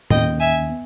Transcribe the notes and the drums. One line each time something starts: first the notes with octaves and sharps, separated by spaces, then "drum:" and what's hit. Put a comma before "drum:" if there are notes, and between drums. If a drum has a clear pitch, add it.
D#2 D#3 A#3 C#4 D#5 G5, drum: tom
E5 G#5
B3